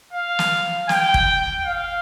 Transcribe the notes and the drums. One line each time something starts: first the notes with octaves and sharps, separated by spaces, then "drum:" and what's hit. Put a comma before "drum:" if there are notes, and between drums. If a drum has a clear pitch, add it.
F5
drum: snare
G5, drum: snare
drum: kick
F5